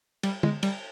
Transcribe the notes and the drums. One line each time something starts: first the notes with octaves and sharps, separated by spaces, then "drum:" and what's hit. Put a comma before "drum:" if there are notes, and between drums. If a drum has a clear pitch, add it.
G3, drum: cymbal
G#3, drum: tom
G3, drum: cymbal